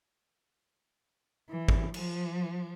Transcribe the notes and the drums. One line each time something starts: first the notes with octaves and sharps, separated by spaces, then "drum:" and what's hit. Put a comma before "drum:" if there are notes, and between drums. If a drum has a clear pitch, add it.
E3
drum: kick G#1
F3, drum: cymbal